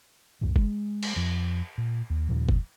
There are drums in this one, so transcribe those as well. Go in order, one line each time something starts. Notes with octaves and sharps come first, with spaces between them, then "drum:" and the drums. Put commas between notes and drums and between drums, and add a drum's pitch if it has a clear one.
C2 F#2 A2 E3
G#3, drum: kick
drum: cymbal
F2 F3
A#2
D#2
D#2 A#2 F3
drum: kick